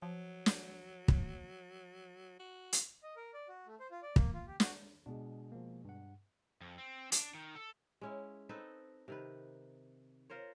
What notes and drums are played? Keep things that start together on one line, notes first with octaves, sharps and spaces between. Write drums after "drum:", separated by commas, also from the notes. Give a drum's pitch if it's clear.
F3 F#3
drum: snare
drum: kick
F#4
drum: hi-hat
D#5
A#4
D5
F#4
A3
C5
F4
D5
A#3, drum: kick
F4
G4
F#4, drum: snare
B2 G#3 D4
F3 A#3
G2 F#5
F2
C4
D4, drum: hi-hat
D#3
A4
G#3 C#4 E4
C4 D#4 A4 B4
C3 D#3 B4
F4 A#4 C5 C#5